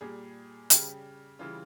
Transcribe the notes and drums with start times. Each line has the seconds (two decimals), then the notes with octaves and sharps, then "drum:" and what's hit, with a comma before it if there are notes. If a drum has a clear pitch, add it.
0.01 A#2 G3 G#4
0.70 C#3 G3 G4, drum: hi-hat
1.39 C#3 E3 G3 F4